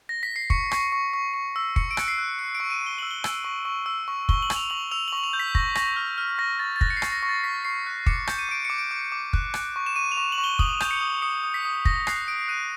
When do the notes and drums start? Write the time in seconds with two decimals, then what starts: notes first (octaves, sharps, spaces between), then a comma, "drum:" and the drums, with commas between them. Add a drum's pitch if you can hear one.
0.09 A#6
0.23 B6
0.36 C7
0.50 C#6 C#7, drum: kick
0.71 C#6, drum: rim click
0.92 C#6
1.14 C#6
1.34 C#6
1.56 E6
1.76 C#6 C#7, drum: kick
1.91 D7
1.97 F#6 C#7, drum: rim click
2.08 C7
2.18 F#6
2.39 F#6 C#7
2.55 D7
2.60 C#6
2.71 D#7
2.81 C#6
2.87 G7
2.98 E6 F#7
3.11 G7
3.24 E6, drum: rim click
3.44 C#6
3.65 C#6
3.86 E6
4.08 C#6
4.29 C#6 G7, drum: kick
4.42 F#7
4.50 E6, drum: rim click
4.56 F7
4.70 C#6 F#7
4.91 E6 F7
5.08 F#7
5.13 C#6
5.18 F#7
5.24 F7
5.33 G6
5.40 B6
5.55 C#6 A#6, drum: kick
5.75 C#6 A#6, drum: rim click
5.96 F6
6.18 F6
6.39 C#6 A#6
6.59 C#6 A6
6.76 A6
6.81 F#6 A#6, drum: kick
6.90 C#7
6.97 C7
7.02 C#6, drum: rim click
7.12 A#6
7.23 C#6 A#6
7.29 A6
7.44 C#6 B6
7.65 C#6 C7
7.87 F#6
8.06 D6 C#7, drum: kick
8.27 G6, drum: rim click
8.39 D#7
8.49 D6 D7
8.65 D6 C#7
8.78 D7
8.91 D6
9.12 D6
9.33 F#6, drum: kick
9.54 F#6, drum: rim click
9.76 C#6
9.86 E7
9.96 C#6 D#7
10.12 F7
10.17 C#6
10.32 F#7
10.38 C#6
10.44 G7
10.59 D#6 F#7, drum: kick
10.80 G6, drum: rim click
10.91 C#7
11.01 D#6
11.22 D#6 C#7
11.44 D#6
11.54 B6
11.65 D#6
11.85 D#6 A#6, drum: kick
12.07 F#6 C7, drum: rim click
12.28 D#6 D7
12.48 F#6 D#7